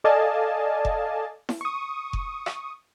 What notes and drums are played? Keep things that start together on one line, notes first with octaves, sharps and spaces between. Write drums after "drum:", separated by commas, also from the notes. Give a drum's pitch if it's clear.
A4 D5 D#5 F5 G#5 A5
drum: kick F1
drum: snare E4
C#6 D#6
drum: kick F1
drum: rim click